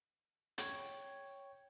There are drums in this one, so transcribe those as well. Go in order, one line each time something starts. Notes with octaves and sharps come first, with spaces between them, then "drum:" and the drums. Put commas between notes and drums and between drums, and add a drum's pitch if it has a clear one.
C#5 G5 G#6, drum: hi-hat